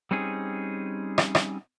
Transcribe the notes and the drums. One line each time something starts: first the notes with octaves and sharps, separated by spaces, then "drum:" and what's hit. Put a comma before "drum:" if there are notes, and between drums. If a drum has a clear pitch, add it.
G3 C4 C#4 D#4 G#4
drum: rim click
drum: rim click